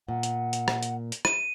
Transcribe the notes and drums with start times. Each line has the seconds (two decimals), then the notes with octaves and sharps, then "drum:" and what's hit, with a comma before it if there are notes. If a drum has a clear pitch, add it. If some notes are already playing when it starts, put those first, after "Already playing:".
0.09 A#2 F#5
0.23 drum: hi-hat
0.53 drum: hi-hat
0.68 drum: rim click
0.83 drum: hi-hat
1.12 drum: hi-hat
1.25 D#7, drum: rim click